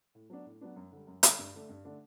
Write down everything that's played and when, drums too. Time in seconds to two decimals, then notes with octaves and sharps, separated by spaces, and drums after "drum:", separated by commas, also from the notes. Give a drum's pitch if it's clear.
0.15 A2
0.30 F#3 B3 D4
0.46 A2
0.61 F#3 B3 D4
0.76 F#2
0.92 D3 G3
1.07 F#2
1.23 D3 G3, drum: hi-hat
1.38 G2
1.54 D3 A3 D4
1.69 G2
1.85 D3 A3 D4